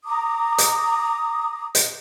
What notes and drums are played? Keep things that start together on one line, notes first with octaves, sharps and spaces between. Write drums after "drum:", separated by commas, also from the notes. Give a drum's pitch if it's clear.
A#5 D6 D#6
drum: hi-hat
drum: hi-hat